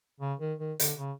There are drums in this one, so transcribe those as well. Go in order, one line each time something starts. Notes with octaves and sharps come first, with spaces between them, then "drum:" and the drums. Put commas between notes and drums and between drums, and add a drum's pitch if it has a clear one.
C#3
D#3
D#3
D3, drum: hi-hat
C#3